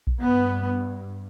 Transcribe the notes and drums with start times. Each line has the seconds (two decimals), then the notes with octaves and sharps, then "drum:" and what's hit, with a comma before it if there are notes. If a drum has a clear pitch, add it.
0.07 drum: kick A#1
0.21 G2 B3